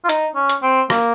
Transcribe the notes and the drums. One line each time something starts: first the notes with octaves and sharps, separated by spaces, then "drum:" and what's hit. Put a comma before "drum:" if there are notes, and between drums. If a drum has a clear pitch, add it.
F4
D#4, drum: hi-hat
C#4
drum: hi-hat
C4
A#3, drum: rim click